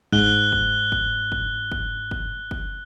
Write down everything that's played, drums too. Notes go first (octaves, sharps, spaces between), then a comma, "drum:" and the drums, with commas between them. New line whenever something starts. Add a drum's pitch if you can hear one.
G#2 F#6 G7, drum: kick
drum: kick
drum: kick
drum: kick
drum: kick
drum: kick
drum: kick